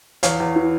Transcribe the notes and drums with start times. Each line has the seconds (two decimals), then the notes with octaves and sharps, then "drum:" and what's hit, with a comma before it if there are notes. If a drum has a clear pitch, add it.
0.23 E2 C#5 F5, drum: hi-hat
0.40 E2
0.56 E3